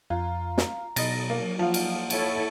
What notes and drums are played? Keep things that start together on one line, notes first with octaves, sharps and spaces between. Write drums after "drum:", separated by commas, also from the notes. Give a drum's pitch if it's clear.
F2 F4 A#5
drum: snare
B2 F#3 D#5 A6 A#6, drum: cymbal
A#3
F3 A#3 F4 F5 F#5
drum: cymbal
E4 A4 C#5, drum: cymbal